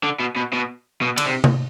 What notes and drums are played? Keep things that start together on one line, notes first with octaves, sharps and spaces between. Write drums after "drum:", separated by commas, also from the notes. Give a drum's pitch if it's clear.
D3
B2
B2
B2
B2
D3, drum: cymbal
C3
drum: tom C3